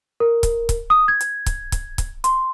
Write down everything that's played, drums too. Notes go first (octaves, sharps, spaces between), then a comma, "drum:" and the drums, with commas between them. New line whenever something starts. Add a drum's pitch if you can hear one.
A#4
drum: kick C#1, hi-hat
drum: kick C#1, hi-hat
D#6
G#6
drum: hi-hat
drum: kick C#1, hi-hat
drum: kick C#1, hi-hat
drum: kick C#1, hi-hat
C6, drum: hi-hat